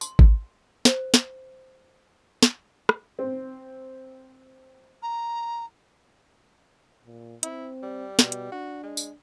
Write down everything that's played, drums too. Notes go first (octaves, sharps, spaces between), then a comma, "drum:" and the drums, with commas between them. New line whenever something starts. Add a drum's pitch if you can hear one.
C6, drum: tambourine
drum: kick G#1
C5, drum: snare
drum: snare
drum: snare
drum: rim click
C4
A#5
A#2
C4 E4, drum: hi-hat
G3
B2, drum: snare
drum: hi-hat
D4 F#4
G#3
drum: tambourine